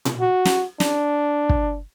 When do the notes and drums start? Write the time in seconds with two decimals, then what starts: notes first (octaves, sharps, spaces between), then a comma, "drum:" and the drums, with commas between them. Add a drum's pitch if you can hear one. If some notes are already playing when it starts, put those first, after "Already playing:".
0.05 drum: tom A#2
0.21 F#4
0.45 drum: snare
0.80 D4, drum: snare
1.49 drum: kick